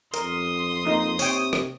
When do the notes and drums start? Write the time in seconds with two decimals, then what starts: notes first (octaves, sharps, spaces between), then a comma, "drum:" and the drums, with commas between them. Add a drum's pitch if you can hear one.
0.14 F2 A#4 C6 D#6, drum: hi-hat
0.85 A#3 D#4 D#5
1.19 C3 C#5 G5, drum: open hi-hat
1.53 drum: rim click